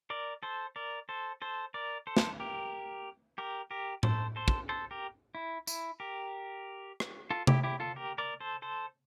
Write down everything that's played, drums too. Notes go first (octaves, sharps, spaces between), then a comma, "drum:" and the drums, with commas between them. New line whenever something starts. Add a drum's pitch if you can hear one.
A#4 D5
A4 C5
A#4 D5
A4 C5
A4 C5
A#4 D5
A4 C5
drum: snare
G4 A#4
G4 A#4
G4 A#4
A4 C5, drum: tom A2
A4 C5
drum: kick
A4 C5
G4 A#4
E4
E4, drum: tambourine
G4 A#4
drum: rim click
F4 A4
E4 G4, drum: tom C3
E4 G4
F4 A4
G4 A#4
A#4 D5
A4 C5
A4 C5